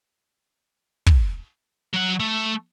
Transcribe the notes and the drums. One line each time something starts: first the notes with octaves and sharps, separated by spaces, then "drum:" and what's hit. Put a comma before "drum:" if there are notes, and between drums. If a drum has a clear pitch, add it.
drum: kick
F#3 F#5
A3